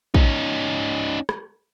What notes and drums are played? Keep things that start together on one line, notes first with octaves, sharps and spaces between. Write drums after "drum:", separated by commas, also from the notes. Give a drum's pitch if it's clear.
C#4 D#4, drum: kick
drum: rim click